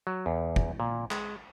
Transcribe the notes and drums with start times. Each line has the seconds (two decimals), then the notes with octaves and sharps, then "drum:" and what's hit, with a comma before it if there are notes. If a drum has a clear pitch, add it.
0.07 F#3
0.26 E2
0.56 drum: kick
0.80 A#2
1.11 G#3, drum: clap